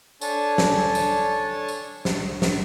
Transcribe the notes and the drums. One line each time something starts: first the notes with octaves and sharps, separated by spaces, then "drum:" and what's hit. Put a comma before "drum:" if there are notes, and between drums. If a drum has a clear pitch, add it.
D4 A4 C#5 G#5 A5, drum: tambourine
drum: snare
drum: tambourine
drum: tambourine
drum: snare
drum: snare